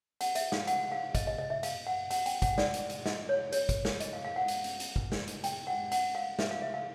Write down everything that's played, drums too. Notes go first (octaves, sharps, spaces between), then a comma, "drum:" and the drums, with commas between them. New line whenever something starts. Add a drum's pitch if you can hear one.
F#5, drum: hi-hat
E5, drum: hi-hat
F5, drum: snare
F#5, drum: hi-hat
F5
D#5, drum: kick, hi-hat
D#5
D#5
E5
F5, drum: hi-hat
F#5
F#5, drum: hi-hat
G5, drum: hi-hat
F#5, drum: kick, hi-hat
D5, drum: snare
drum: hi-hat
drum: hi-hat
D#5, drum: snare
C#5
C#5, drum: hi-hat
drum: kick, hi-hat
drum: snare
D#5, drum: hi-hat
F5
F5
F#5
drum: hi-hat
drum: hi-hat
drum: hi-hat
drum: kick
drum: snare
drum: hi-hat
G5, drum: hi-hat
F#5
F#5, drum: hi-hat
F5
E5, drum: snare
F5
E5
F5